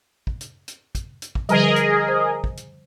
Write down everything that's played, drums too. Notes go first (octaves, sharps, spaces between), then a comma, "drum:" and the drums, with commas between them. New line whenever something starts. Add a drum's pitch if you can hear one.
drum: kick
drum: hi-hat
drum: hi-hat
drum: kick, hi-hat
drum: hi-hat
drum: kick
D3 F3 G3 G#4 A#4 D#5, drum: hi-hat
drum: hi-hat
C5
drum: kick
drum: hi-hat